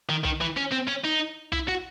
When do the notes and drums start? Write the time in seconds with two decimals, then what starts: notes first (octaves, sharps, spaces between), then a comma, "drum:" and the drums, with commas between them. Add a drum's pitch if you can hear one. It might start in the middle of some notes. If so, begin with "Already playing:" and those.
0.10 D#3
0.25 D#3, drum: kick
0.41 E3
0.57 C#4
0.72 C4
0.88 C#4
1.05 D#4
1.53 E4, drum: kick
1.69 F#4